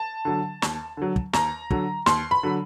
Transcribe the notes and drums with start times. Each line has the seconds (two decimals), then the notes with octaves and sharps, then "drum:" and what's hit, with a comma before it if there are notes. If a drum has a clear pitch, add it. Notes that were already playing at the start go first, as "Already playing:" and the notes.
Already playing: A5
0.25 D3 F#3
0.62 D#2, drum: snare
0.97 D3 F#3
1.16 drum: kick
1.33 D#2 A#5, drum: snare
1.70 D3 F#3, drum: kick
2.06 D#2 C6, drum: snare
2.31 B5
2.43 D3 F#3